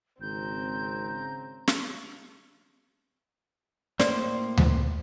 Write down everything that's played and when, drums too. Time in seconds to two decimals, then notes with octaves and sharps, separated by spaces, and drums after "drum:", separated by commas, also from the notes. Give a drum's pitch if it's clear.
0.21 G#1 C#3 C4 A#5 G6
1.68 drum: snare
3.99 A2 A#3 C5 D5, drum: snare
4.57 drum: tom D2